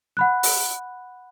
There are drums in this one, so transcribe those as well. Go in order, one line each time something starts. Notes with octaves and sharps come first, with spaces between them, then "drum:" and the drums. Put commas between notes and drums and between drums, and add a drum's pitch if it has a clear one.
F#5 B5 F#6
drum: open hi-hat